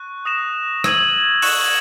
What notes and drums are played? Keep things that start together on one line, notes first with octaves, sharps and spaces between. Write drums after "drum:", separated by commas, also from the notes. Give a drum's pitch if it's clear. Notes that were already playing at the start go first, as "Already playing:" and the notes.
Already playing: C#6 F#6
D#6 A#6 E7
E6 G#6 D#7 F#7, drum: rim click
C#6 F#6 C#7 E7, drum: open hi-hat